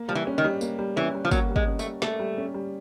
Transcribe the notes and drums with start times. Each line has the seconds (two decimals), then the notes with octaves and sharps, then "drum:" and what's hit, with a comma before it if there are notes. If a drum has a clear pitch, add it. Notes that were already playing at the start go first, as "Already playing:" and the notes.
Already playing: A#3
0.08 F3 G3
0.15 E3
0.27 C#4
0.38 D#3
0.44 G3
0.61 A#3, drum: tambourine
0.79 G3
0.96 E3 C#4
1.15 G3
1.25 F3
1.31 F#3 A#3, drum: kick, tambourine
1.50 G3
1.56 G#3, drum: kick
1.67 C#4
1.79 A3, drum: tambourine
1.84 G3
2.02 A3 A#3, drum: snare
2.20 G3
2.38 C#4
2.54 G3